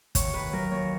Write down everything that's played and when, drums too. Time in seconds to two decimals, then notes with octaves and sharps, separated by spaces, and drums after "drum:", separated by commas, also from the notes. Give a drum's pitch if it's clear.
0.15 D#2 C#5, drum: kick, hi-hat
0.33 D#2 B4
0.53 F#3 A#4
0.71 D#2 C#5